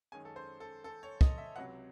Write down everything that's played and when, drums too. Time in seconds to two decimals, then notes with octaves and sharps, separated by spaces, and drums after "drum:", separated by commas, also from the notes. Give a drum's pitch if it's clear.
0.12 F#2 D#3 G#3 C#4 G#5
0.25 A4
0.36 C5
0.60 A4
0.84 A4
1.03 C#5
1.21 D#5, drum: kick
1.38 E5
1.56 C#2 C3 F#3 F#5